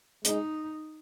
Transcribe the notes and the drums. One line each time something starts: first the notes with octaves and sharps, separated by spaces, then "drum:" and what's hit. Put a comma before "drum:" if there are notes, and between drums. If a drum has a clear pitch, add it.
G#3 D#4, drum: hi-hat